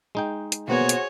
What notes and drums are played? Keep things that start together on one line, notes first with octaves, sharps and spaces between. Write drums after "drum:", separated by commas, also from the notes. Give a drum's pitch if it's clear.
G#3 D#4 G5
drum: hi-hat
B2 A#3 B3 F#4 G#4 C5 C#5
drum: hi-hat